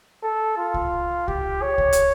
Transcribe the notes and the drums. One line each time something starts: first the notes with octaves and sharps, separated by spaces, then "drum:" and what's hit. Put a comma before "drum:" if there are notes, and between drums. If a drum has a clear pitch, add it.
A4
F4
drum: kick C2
G4, drum: kick C2
C#5
drum: kick C2
drum: hi-hat